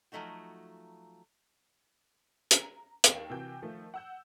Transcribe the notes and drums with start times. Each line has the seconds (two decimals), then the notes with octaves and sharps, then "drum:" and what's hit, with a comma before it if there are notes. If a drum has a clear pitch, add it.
0.12 F3 F#3 A3 D#4 F#4
2.51 A#5, drum: hi-hat
3.04 D#2 F5 G5 C7 E7, drum: hi-hat
3.30 C3 E3 F#4 G5 G6
3.62 D#3 F3 A3
3.94 F#5 E6 G6